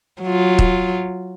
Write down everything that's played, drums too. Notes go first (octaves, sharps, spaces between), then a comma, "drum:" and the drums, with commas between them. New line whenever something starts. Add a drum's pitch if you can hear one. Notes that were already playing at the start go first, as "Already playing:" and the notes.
F#3 F4
drum: kick